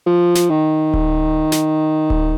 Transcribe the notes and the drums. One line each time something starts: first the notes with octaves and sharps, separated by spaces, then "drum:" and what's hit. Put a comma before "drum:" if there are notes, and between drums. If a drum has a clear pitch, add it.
F3
drum: snare
D#3
drum: kick D1
drum: snare
drum: kick D1